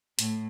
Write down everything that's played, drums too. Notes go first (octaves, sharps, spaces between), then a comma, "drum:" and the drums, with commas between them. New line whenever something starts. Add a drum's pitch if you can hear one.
A2, drum: hi-hat